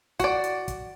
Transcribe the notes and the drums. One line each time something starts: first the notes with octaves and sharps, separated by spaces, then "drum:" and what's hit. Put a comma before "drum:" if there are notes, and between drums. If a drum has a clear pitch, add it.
F#4 D5, drum: kick, hi-hat
drum: hi-hat
drum: kick, hi-hat